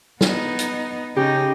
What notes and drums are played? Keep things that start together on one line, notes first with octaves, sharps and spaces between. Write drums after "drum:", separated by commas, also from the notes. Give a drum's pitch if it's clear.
B3 D#4, drum: snare
drum: hi-hat
C#3 D#4 G4